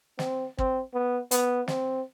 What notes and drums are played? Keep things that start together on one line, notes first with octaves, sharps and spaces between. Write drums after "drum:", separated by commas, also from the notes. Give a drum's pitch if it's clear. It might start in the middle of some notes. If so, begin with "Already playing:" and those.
C4, drum: snare
C4, drum: kick
B3
B3, drum: hi-hat
C4, drum: snare